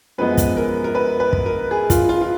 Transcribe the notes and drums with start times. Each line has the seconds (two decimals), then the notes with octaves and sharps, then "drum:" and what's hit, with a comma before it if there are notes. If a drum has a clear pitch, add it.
0.18 F#2 F3 G#3 B3 B4
0.37 drum: kick, hi-hat
0.57 A#4
0.84 A#4
0.95 B4
1.20 B4
1.33 drum: kick
1.46 A#4
1.71 G#4
1.90 F4, drum: kick, hi-hat
2.09 F4
2.22 F4